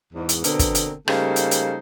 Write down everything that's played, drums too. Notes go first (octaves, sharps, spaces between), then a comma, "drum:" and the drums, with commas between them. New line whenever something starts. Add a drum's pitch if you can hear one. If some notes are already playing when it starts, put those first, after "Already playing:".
E2 G#2
drum: hi-hat
B2 D3 B3 C4 A#4, drum: hi-hat
drum: kick, hi-hat
drum: hi-hat
C#3 G3 A3 A#3 D#4 C5, drum: rim click
drum: hi-hat
drum: hi-hat